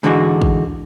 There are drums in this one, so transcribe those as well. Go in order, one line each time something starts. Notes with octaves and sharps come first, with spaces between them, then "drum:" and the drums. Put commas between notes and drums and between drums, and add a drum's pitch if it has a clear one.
G#2 D3 E3 G#3 F#4
drum: kick